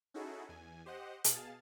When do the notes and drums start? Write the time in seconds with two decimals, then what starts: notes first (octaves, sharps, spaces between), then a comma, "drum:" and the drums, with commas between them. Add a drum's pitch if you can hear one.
0.14 C#4 D#4 E4 F#4 G#4 A4
0.49 E2 G#5
0.86 G4 C5 D#5 F#5
1.24 B2 G#4 F5 A5 A6, drum: hi-hat